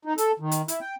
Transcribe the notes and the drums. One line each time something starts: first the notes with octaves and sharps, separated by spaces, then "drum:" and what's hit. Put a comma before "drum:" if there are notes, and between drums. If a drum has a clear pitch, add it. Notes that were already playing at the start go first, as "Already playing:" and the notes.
D#4
A4, drum: hi-hat
D#3
drum: hi-hat
E4, drum: hi-hat
G5